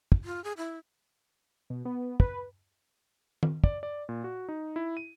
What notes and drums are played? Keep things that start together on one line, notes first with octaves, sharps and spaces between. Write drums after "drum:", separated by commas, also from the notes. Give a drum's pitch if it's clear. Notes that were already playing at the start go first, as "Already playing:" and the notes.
drum: kick
F4
G#4
E4
B2
B3
B4, drum: kick
drum: tom D#3
D5, drum: kick
D5
A#2
F#4
D#4
E4
D#7